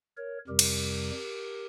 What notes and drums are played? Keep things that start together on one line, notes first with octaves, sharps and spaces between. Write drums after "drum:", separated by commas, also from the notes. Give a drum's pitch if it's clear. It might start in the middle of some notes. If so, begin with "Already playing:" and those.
A#4 C#5
F2 C3 G3 G4 A#4
drum: cymbal